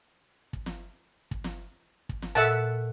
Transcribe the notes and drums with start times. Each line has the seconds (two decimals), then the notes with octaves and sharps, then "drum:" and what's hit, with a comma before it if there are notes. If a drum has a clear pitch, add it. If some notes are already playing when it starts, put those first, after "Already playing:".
0.53 drum: kick
0.66 drum: snare
1.31 drum: kick
1.44 drum: snare
2.09 drum: kick
2.22 drum: snare
2.35 A#2 A4 E5 F#5 A5